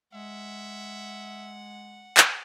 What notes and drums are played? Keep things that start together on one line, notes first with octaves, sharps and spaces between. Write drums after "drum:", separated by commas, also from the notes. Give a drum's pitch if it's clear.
G#3 E5 F#5
drum: clap